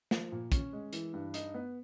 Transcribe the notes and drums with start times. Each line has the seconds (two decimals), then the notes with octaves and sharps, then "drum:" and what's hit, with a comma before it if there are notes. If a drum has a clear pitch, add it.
0.11 F3, drum: snare
0.32 A#2
0.52 C#4, drum: kick, hi-hat
0.73 G#3
0.93 E3, drum: hi-hat
1.13 G2
1.34 D#4, drum: hi-hat
1.54 B3